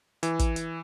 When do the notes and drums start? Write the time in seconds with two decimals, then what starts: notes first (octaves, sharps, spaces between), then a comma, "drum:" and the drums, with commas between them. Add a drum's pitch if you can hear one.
0.23 E3, drum: hi-hat
0.39 drum: kick, hi-hat
0.56 drum: hi-hat